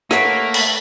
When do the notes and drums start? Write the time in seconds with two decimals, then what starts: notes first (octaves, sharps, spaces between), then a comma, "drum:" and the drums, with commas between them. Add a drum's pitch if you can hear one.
0.11 A3 A#3 B4 C#5 F#5 B6, drum: rim click
0.54 drum: cymbal